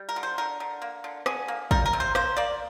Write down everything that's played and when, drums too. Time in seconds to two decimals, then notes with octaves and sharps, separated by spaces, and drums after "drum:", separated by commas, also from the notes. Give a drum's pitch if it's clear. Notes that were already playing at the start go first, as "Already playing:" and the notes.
Already playing: G3
0.09 A#4
0.16 D3
0.23 C5
0.38 D3 A#4
0.60 D3
0.82 A#3
1.04 D3
1.26 D3 G#4, drum: rim click
1.48 A#3
1.71 G3 A#4, drum: kick
1.86 A#4
1.93 C3
2.00 C5
2.15 A#3 C5, drum: rim click
2.37 A#3 D5